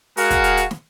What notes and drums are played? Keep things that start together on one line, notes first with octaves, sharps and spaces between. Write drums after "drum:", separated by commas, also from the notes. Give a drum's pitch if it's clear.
G#3 F#4 G#4 A#4 F5 F#5, drum: open hi-hat
drum: kick, hi-hat
drum: hi-hat
drum: hi-hat
drum: snare